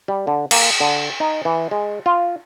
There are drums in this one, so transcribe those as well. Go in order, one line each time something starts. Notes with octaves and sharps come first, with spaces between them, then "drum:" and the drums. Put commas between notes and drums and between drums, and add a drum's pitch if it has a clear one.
G3
D3
A#3, drum: cymbal
D3
D#4
E3
G#3
F4